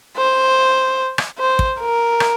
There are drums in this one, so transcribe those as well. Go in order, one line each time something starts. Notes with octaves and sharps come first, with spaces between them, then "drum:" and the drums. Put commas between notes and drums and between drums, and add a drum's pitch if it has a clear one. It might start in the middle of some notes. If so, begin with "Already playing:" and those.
C5
drum: rim click
C5
drum: kick
A#4
drum: rim click